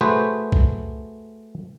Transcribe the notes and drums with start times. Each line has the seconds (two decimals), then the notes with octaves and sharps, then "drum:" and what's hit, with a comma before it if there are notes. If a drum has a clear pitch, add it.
0.01 A3 F#4 G#4 B4 C5
0.52 drum: kick C2